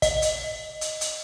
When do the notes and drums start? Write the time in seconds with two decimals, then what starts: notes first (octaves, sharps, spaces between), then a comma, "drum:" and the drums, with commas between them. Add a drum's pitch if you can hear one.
0.02 D#5, drum: kick, hi-hat
0.22 drum: hi-hat
0.81 drum: hi-hat
1.01 drum: hi-hat